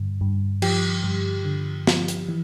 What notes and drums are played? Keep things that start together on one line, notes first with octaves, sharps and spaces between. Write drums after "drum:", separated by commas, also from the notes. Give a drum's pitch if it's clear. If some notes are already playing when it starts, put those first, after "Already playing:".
Already playing: G2 D3
G2
F3 G4, drum: cymbal
G2
D3
F3, drum: snare
drum: hi-hat
E3